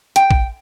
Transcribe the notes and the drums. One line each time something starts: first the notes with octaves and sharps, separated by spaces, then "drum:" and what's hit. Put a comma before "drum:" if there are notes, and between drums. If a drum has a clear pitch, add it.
G5, drum: hi-hat
drum: kick A#1